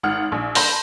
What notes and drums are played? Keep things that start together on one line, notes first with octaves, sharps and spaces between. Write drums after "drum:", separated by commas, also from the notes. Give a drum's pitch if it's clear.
G#1 F#5 F6
A#1
A5 B5 C6 G6 A#6, drum: open hi-hat